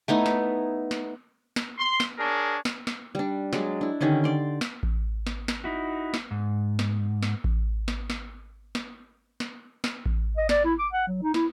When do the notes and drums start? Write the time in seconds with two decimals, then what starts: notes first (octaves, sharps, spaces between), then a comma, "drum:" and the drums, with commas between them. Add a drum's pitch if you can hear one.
0.08 A3 B3 D#4 E4
0.26 drum: snare
0.91 drum: snare
1.56 drum: snare
1.78 C6
2.00 drum: snare
2.18 D4 G#4 A#4 C#5
2.65 drum: snare
2.87 drum: snare
3.15 G3 D4
3.53 F#3 G#3 D5, drum: snare
3.81 D4 E4
4.01 D3 D#3 C#4 G4
4.24 D5 C6
4.61 drum: snare
4.83 drum: kick A1
5.27 drum: snare
5.48 drum: snare
5.64 D#4 E4 F#4
6.14 drum: snare
6.31 G#2
6.79 drum: snare
7.23 drum: snare
7.44 drum: kick A1
7.88 drum: snare
8.10 drum: snare
8.75 drum: snare
9.40 drum: snare
9.84 drum: snare
10.06 drum: kick A1
10.37 D#5
10.49 D5, drum: snare
10.65 E4
10.79 D6
10.93 F#5
11.08 F#3
11.23 D#4
11.34 E4, drum: snare